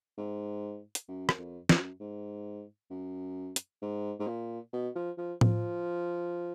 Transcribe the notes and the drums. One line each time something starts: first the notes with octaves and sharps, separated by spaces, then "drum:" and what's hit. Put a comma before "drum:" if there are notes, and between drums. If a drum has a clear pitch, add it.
G#2
drum: hi-hat
F#2
drum: rim click
F2
F#2, drum: snare
G#2
F#2
drum: hi-hat
G#2
G#2
A#2
B2
F3
F3
F3, drum: tom A2